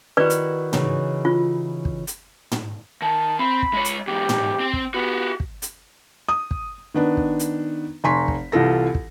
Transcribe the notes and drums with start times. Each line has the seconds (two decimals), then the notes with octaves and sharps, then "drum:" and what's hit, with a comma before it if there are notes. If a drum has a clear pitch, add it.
0.17 D#3 E4 F#4 B4 D5
0.30 drum: hi-hat
0.73 C#3 E3 D#4, drum: tom
1.25 F4
1.85 drum: kick
2.07 drum: hi-hat
2.52 drum: tom
3.02 D#3 A5
3.39 C4 B5
3.62 drum: kick
3.73 G#3 C#5
3.85 drum: hi-hat
4.07 E2 G#2 G4
4.29 drum: tom
4.60 C4 G5
4.73 drum: kick
4.94 B3 F#4 G4
5.40 drum: kick
5.62 drum: hi-hat
6.29 D#6
6.51 drum: kick
6.94 D#3 B3 D4
7.17 drum: kick
7.39 drum: hi-hat
8.04 F1 G#5 A#5 C6 C#6 B6
8.28 drum: kick
8.52 C2 E3 F4 A4 A#6
8.95 drum: kick